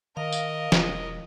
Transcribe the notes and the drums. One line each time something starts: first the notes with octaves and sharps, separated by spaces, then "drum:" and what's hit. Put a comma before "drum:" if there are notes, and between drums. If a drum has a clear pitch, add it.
D#3 A#4 D#5 F5
drum: tambourine
E1, drum: snare